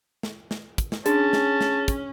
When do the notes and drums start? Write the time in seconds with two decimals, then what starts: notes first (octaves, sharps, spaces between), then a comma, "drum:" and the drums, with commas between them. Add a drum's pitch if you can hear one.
0.23 drum: snare
0.51 drum: snare
0.78 drum: kick, hi-hat
0.92 drum: snare
1.06 C#4 D4 G#4 A5, drum: hi-hat
1.33 drum: snare
1.61 drum: snare
1.88 drum: kick, hi-hat